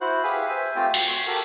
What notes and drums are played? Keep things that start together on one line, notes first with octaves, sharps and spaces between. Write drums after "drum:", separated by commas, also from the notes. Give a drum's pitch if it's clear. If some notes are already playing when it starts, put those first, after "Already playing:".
E4 F#4 C5 F#6
G4 G#4 B4 E5 F5 G#5
C5 E5 G#5
A3 C4 F4 G4 G5
F#4, drum: cymbal
F#4 G4 A4 A#4